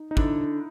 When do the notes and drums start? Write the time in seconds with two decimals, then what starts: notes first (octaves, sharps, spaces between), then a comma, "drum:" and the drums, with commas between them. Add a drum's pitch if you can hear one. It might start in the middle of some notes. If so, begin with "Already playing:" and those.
Already playing: D#4
0.11 D#4
0.17 D3 E4, drum: kick